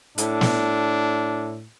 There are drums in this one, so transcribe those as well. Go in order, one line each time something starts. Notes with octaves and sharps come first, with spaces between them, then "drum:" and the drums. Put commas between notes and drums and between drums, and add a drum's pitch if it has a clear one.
A2 D4, drum: hi-hat
drum: snare